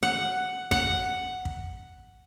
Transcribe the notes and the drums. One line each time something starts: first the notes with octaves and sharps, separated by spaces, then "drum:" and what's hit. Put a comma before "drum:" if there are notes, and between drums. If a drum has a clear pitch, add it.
F#5
F#5, drum: kick
drum: kick